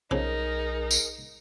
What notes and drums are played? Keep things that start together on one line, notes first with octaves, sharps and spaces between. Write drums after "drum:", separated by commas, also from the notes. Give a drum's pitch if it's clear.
B1 C#3 F3 D#4 G#4 A#4
drum: tambourine